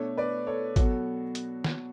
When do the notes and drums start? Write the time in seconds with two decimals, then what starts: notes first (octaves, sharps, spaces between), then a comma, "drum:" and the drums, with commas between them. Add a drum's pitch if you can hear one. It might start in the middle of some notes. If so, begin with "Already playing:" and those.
Already playing: B2 A3 D4 A4 C#5
0.17 B4 D5
0.47 A4 C#5
0.76 B2 F#3 B3 F#4 A4, drum: kick, hi-hat
1.35 drum: hi-hat
1.64 drum: snare